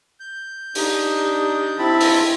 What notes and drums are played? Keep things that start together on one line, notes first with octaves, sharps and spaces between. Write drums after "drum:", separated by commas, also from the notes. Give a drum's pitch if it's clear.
G6
D4 D#4 G4, drum: open hi-hat
C4 E4 A5 B5
drum: open hi-hat